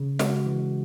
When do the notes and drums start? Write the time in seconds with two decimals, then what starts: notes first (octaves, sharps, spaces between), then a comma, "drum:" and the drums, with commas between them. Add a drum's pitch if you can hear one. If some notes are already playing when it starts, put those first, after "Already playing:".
Already playing: C#3
0.19 G#3 F#4, drum: snare
0.46 E3